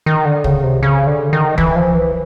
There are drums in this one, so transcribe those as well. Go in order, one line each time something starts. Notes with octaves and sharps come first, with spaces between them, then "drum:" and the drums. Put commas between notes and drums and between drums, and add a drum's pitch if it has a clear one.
D#3
D3
C#3, drum: kick
C3
C#3
D3
D#3
E3, drum: kick
F3
E3